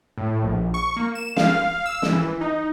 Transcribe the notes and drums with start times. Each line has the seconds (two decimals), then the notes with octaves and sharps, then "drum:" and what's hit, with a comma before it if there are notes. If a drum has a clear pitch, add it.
0.18 A2
0.43 A#1
0.74 C#6
0.96 A#3
1.15 E7
1.37 F5, drum: snare
1.86 E6
2.02 drum: snare
2.13 E3
2.41 D#4